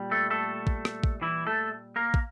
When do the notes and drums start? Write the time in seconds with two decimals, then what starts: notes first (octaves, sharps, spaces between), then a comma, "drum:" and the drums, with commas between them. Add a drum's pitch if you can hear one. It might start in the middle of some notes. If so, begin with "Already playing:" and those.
Already playing: A#2 G3
0.11 A3 A4
0.30 A3 A4
0.67 drum: kick
0.85 drum: rim click
1.04 drum: kick
1.22 E3 E4
1.47 A3 A4
1.96 A#3 A#4
2.14 drum: kick